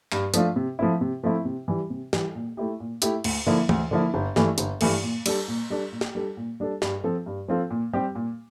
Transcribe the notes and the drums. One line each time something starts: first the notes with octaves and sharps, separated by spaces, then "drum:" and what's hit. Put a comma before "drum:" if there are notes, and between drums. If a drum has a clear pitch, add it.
G2, drum: clap
F3 A3 D4 F4, drum: hi-hat
C3
F3 A3 C4 E4
C3
F3 A3 C4 E4
C3
E3 G3
C3
E3 G3, drum: snare
A#2
A3 E4 G4
A#2
A3 E4 G4, drum: hi-hat
D2, drum: cymbal
D3 F3 A#3 E4
D2, drum: tom
D3 F3 A#3 E4
G1
G2 E3 A3, drum: snare
G1, drum: hi-hat
G2 E3 A3, drum: cymbal
A#2
G3 D4 A4, drum: cymbal
A#2
G3 D4 A4
A#2
drum: snare
G3 D4 A4
A#2
G3 D4 A4
G2, drum: snare
F3 C4 F4 A4
G2
F3 C4 F4 A4
A#2
G3 C4 G4
A#2